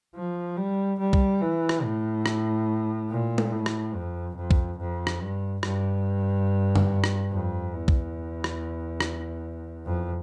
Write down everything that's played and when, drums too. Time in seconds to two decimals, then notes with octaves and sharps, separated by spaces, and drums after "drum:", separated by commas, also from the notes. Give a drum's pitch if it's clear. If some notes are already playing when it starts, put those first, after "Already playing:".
0.15 F3
0.57 G3
0.99 G3
1.13 drum: kick B1
1.41 E3
1.69 drum: rim click
1.83 A2
2.26 drum: rim click
3.10 A#2
3.38 drum: tom G#3
3.52 A2
3.66 drum: rim click
3.95 F2
4.36 F2
4.51 drum: kick B1
4.79 F2
5.07 drum: rim click
5.21 G2
5.63 G2, drum: rim click
6.76 drum: tom F#2
7.04 drum: rim click
7.32 F2
7.73 E2
7.88 drum: kick B1
8.44 drum: rim click
9.00 drum: rim click
9.85 F2